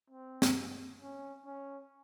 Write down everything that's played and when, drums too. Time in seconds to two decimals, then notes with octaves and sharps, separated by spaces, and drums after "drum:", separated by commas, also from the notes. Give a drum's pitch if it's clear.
0.10 C4
0.42 drum: snare
1.01 C#4
1.46 C#4